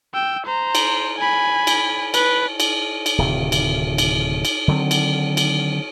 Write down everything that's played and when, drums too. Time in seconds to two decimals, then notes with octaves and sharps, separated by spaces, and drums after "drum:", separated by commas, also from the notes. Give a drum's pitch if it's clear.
0.14 G5 E6
0.46 C5 A#5
0.75 drum: cymbal
1.18 G#5 B5
1.67 drum: cymbal
2.14 B4, drum: cymbal
2.60 drum: cymbal
3.06 drum: cymbal
3.18 D1 C3 D#3
3.52 drum: cymbal
3.98 drum: cymbal
4.45 drum: cymbal
4.68 D3 D#3 F#3 C4
4.91 drum: cymbal
5.37 drum: cymbal